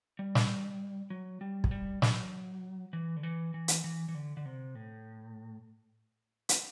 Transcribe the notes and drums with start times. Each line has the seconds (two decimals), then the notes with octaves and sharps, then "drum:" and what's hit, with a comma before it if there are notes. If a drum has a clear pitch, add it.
0.19 G3
0.35 drum: snare
1.10 F#3
1.41 G3
1.64 F#3, drum: kick
1.71 G3
2.02 F#3, drum: snare
2.93 E3
3.16 D3
3.23 E3
3.54 E3
3.68 drum: hi-hat
3.84 E3
4.09 E3
4.15 D3
4.37 D3
4.46 C3
4.75 A2
6.49 drum: hi-hat